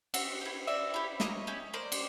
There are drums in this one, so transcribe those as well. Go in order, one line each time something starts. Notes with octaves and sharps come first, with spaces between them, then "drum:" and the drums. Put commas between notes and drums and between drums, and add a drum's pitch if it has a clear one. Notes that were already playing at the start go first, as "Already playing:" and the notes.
C4 E5 F#5, drum: cymbal
E4 G4
C4 D5 E5
E4 G4
A#3 C#5 D#5, drum: snare
C#4 E4 G4
A#3 C5 D5
drum: cymbal